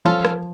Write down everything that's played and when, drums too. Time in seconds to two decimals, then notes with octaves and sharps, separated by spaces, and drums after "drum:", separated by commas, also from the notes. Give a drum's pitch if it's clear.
0.05 F3 C#4 F4 A4
0.25 drum: rim click